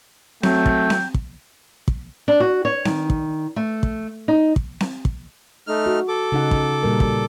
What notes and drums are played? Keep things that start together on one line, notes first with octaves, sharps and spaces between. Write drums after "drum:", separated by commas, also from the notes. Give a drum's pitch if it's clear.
F#3 A3 C4 G5, drum: snare C4
drum: kick
drum: snare C4
drum: kick
drum: kick
D4
F#4
C#5
D#3, drum: snare C4
drum: kick
A3
drum: kick
D#4
drum: kick
drum: snare C4
drum: kick
A3 D#4 F6
F#4
A4 D6
C#3 D#4 F#5
drum: kick
A#2 G3 A#4
drum: kick